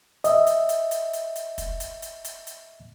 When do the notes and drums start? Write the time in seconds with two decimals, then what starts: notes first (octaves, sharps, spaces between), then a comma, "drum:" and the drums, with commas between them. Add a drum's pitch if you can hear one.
0.24 D#5 E5, drum: hi-hat
0.47 drum: hi-hat
0.69 drum: hi-hat
0.91 drum: hi-hat
1.13 drum: hi-hat
1.36 drum: hi-hat
1.58 drum: kick, hi-hat
1.80 drum: hi-hat
2.02 drum: hi-hat
2.24 drum: hi-hat
2.47 drum: hi-hat